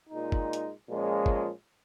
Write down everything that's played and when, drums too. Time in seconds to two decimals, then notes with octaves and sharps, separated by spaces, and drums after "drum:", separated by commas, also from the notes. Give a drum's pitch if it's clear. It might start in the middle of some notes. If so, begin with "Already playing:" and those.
0.10 A#2 G#3 D#4
0.32 drum: kick G1
0.53 drum: hi-hat
0.88 A#2 F3 G#3 C#4
1.26 drum: kick G1